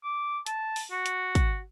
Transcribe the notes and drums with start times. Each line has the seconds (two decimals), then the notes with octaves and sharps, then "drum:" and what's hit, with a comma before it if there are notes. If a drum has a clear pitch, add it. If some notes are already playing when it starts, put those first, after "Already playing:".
0.03 D6
0.46 A5, drum: hi-hat
0.76 drum: open hi-hat
0.91 F#4
1.06 drum: hi-hat
1.35 drum: kick, hi-hat